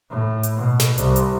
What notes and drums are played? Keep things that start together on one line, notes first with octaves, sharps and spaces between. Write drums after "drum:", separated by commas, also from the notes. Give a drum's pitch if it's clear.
A2
drum: hi-hat
B2
drum: snare
C2, drum: hi-hat
drum: hi-hat